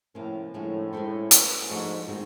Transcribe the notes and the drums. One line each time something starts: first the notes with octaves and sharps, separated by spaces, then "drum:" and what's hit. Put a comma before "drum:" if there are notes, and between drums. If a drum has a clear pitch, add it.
A2 C3 F3 A#3 C#4 F4
A2 D3 F3 G#3 C#4 F#4
G#3 C#4 E4 A4 C5
A#3 C#4 F#4 B4, drum: hi-hat
G#2 F3 A3 D4 F#4
D#3 G#3 C4 D#4